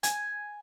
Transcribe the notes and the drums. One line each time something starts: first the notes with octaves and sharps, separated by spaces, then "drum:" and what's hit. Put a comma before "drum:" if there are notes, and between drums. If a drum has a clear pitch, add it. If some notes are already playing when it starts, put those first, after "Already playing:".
G#5, drum: hi-hat